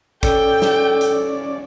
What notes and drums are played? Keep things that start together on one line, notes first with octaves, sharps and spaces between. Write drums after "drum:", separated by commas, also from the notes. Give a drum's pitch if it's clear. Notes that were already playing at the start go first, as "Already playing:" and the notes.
C#4 A4 D5 G5, drum: kick, hi-hat
drum: snare
drum: hi-hat